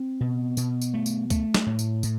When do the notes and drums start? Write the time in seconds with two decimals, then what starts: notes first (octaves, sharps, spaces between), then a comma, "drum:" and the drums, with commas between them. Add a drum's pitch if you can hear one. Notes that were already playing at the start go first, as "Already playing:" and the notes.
Already playing: C4
0.21 B2
0.57 B2, drum: tambourine
0.82 drum: tambourine
0.94 A3
1.06 drum: tambourine
1.30 A3, drum: kick C#2, tambourine
1.54 drum: snare
1.67 A2
1.79 drum: tambourine
2.03 A2, drum: tambourine